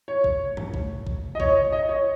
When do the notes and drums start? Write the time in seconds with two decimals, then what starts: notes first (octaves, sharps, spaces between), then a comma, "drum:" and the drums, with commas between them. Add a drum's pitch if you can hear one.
0.08 C#5
0.24 drum: kick A#1
0.57 drum: tom G2
0.74 drum: kick A#1
1.07 drum: kick A#1
1.35 D#5
1.40 C#5, drum: kick A#1
1.72 D#5
1.89 C#5